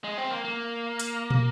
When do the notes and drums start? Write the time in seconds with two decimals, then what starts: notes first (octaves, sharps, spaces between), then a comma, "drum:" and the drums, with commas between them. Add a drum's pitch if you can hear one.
0.04 G#3
0.18 C4
0.31 A#3
0.45 A#3
1.00 drum: hi-hat
1.30 drum: tom